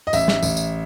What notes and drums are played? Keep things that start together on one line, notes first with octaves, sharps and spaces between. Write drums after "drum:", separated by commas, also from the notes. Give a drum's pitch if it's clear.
D#5
A1 E5, drum: tambourine
drum: snare
A1, drum: tambourine
drum: tambourine